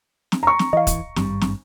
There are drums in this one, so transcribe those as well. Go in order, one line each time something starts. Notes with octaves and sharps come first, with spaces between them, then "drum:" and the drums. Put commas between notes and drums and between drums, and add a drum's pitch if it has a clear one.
drum: snare
A#5 C#6
drum: snare
E3 D#5 F5
drum: kick, hi-hat
G#1 G2 G3, drum: snare
drum: snare